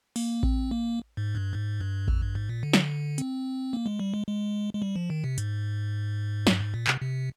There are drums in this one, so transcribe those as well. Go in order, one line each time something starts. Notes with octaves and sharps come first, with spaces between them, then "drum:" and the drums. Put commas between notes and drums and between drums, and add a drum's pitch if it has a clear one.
A#3, drum: open hi-hat
C4, drum: kick A1
A#3
G#2
G2
G#2
G2
F2, drum: kick A1
G2
G#2
A#2
D3
drum: snare
C4, drum: hi-hat
A#3
G#3
G3
G#3
G#3
G#3
G3
F3
D#3
C3
G#2, drum: hi-hat
G2, drum: snare
G#2
A#2
C3, drum: clap
C3